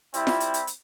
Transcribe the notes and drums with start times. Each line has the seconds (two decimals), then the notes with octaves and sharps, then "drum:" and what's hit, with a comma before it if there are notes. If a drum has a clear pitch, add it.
0.14 G3 C4 E4, drum: hi-hat
0.27 drum: snare F4
0.40 drum: hi-hat
0.54 drum: hi-hat
0.67 drum: hi-hat